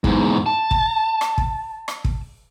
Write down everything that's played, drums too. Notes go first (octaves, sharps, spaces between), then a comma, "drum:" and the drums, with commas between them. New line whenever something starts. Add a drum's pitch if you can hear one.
E2 G#2, drum: kick
A5
drum: kick
drum: rim click
drum: kick
drum: rim click
drum: kick